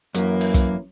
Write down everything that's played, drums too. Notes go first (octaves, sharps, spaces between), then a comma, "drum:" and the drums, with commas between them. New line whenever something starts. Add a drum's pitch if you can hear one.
F#2 E3 A#3, drum: hi-hat
drum: open hi-hat
drum: kick, hi-hat